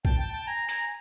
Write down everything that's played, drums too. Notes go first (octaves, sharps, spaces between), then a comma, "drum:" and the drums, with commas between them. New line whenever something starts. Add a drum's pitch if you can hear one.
G5 A5, drum: kick A#1
G5 A5
G5 A5
G#5 A#5
G#5 A#5, drum: hi-hat